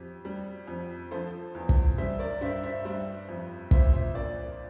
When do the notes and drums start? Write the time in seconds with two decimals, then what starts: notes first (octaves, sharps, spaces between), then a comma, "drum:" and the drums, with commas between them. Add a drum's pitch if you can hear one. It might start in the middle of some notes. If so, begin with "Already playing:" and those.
Already playing: F2 G4
0.25 G3
0.67 F2
1.11 F3 A4 C5
1.55 E2
1.69 drum: kick
1.98 G3 C5 E5
2.19 A#4 D5
2.41 G2 C5 E5
2.63 C5 E5
2.85 G3 C5 E5
3.29 F2
3.71 A#2 C5 E5, drum: kick
3.93 C5 E5
4.15 A#2 A#4 D5